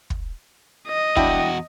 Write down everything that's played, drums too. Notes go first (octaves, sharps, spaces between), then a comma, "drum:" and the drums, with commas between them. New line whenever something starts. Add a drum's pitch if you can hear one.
drum: kick
D#5
E2 G3 D4 E4 F#4 G5, drum: kick